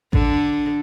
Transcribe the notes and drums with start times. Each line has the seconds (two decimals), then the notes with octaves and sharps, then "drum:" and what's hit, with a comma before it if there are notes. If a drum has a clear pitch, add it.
0.13 D3, drum: kick A1